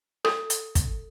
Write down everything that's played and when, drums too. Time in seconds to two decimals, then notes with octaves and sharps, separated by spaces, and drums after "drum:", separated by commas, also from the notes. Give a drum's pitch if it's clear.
0.25 A4, drum: rim click
0.50 drum: hi-hat
0.75 drum: kick, hi-hat